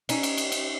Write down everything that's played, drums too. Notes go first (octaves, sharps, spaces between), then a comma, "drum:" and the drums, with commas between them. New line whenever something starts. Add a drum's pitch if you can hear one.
C#4 D#4, drum: cymbal
drum: cymbal
drum: cymbal
drum: cymbal